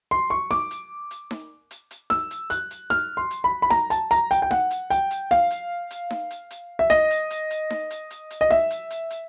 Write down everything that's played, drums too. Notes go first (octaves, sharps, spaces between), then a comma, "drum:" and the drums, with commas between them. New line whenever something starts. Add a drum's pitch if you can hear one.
C6
C#6
D6, drum: snare D#4
drum: hi-hat
drum: hi-hat
drum: snare D#4
drum: hi-hat
drum: hi-hat
E6, drum: snare D#4
drum: hi-hat
F#6, drum: hi-hat
drum: hi-hat
F6, drum: snare D#4
C6
drum: hi-hat
B5
B5
A#5, drum: snare D#4
A5, drum: hi-hat
A#5, drum: hi-hat
G5, drum: hi-hat
G5
F#5, drum: snare D#4
drum: hi-hat
G5, drum: hi-hat
drum: hi-hat
F5, drum: snare D#4
drum: hi-hat
drum: hi-hat
drum: snare D#4
drum: hi-hat
drum: hi-hat
E5
D#5, drum: snare D#4
drum: hi-hat
drum: hi-hat
drum: hi-hat
drum: snare D#4
drum: hi-hat
drum: hi-hat
drum: hi-hat
D#5
E5, drum: snare D#4
drum: hi-hat
drum: hi-hat
drum: hi-hat